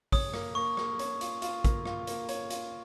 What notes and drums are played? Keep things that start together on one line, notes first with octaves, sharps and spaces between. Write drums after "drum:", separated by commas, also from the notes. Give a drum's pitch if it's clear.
C#5 D#6, drum: kick, open hi-hat
A#3, drum: rim click
A#3 C#6
A#3, drum: rim click
C#5, drum: hi-hat
F4, drum: hi-hat
F4, drum: hi-hat
A#3, drum: kick, hi-hat
F4, drum: rim click
A#3, drum: hi-hat
C#5, drum: hi-hat
F4, drum: hi-hat